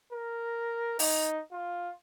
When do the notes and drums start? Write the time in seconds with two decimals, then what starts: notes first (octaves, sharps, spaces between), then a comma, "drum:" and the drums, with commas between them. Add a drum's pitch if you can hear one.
0.12 A#4
0.99 D#4, drum: open hi-hat
1.52 F4